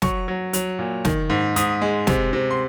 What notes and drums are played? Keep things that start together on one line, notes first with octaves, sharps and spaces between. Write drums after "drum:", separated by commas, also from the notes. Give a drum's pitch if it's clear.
F#3 C#6, drum: snare
F#3
F#3, drum: hi-hat
A#2
D#3, drum: snare
G#2
G#2 D#6, drum: hi-hat
G#3
C3, drum: snare
C3
C6